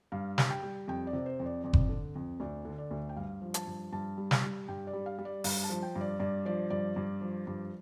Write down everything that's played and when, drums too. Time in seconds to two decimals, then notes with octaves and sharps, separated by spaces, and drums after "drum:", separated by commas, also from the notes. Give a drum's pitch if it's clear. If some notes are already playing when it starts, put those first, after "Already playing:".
0.12 G2 F5
0.38 G3, drum: snare
0.51 G5
0.63 G3
0.88 F2 G5
1.07 D5
1.13 C3
1.26 C5
1.40 F2
1.46 D5
1.64 F2 D5
1.73 drum: kick F#1
1.89 D3
2.15 F2
2.40 D2 D5
2.65 D3
2.78 D5
2.91 D2
3.09 G5
3.17 G2 F5
3.42 F3
3.54 A5, drum: hi-hat
3.67 G2
3.93 G2 A5
4.17 G3
4.31 drum: snare
4.43 G3
4.68 G2 G5
4.87 D5
4.93 G3
5.06 F5
5.19 G3
5.25 D5
5.44 G2 F5, drum: open hi-hat
5.64 A5
5.70 F3
5.83 G5
5.96 G2
6.01 D5
6.20 G2 D5
6.45 F3 D5
6.70 G2 D5
6.96 G2
7.21 F3
7.47 G2